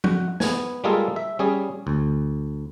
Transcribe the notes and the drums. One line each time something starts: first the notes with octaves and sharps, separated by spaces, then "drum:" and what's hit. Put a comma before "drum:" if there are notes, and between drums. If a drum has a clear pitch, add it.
F#4, drum: tom F3
B3 G#5, drum: snare
G3 G#3 A#3 F4 G#4 A4
E5
G3 C#4 G#4
D2